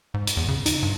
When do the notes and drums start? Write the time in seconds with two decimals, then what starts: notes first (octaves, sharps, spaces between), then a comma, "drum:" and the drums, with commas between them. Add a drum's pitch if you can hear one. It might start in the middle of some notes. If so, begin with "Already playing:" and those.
0.14 G#2
0.27 drum: hi-hat
0.37 E2
0.48 C#3
0.66 D#4, drum: hi-hat
0.83 G2